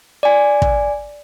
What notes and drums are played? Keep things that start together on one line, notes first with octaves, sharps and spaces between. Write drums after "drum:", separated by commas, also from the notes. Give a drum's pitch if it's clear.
D5 G#5
drum: kick